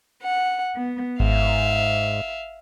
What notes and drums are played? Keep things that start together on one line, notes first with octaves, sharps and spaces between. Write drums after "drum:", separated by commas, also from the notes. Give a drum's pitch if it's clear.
F#5
B3
G#2 E5 F5, drum: kick G#1